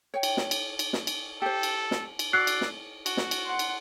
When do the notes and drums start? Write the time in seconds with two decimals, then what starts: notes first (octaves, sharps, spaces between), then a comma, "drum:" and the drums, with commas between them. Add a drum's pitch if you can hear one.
0.14 C#5 G5
0.23 drum: cymbal
0.37 drum: snare
0.51 drum: cymbal
0.79 drum: cymbal
0.93 drum: snare
1.07 drum: cymbal
1.42 G4 A4 C5
1.63 drum: cymbal
1.91 drum: snare
2.19 drum: cymbal
2.33 F#4 D5 E6 F#6 C7
2.47 drum: cymbal
2.61 drum: snare
3.06 F#4, drum: cymbal
3.17 drum: snare
3.31 drum: cymbal
3.45 F#5 C6
3.59 drum: cymbal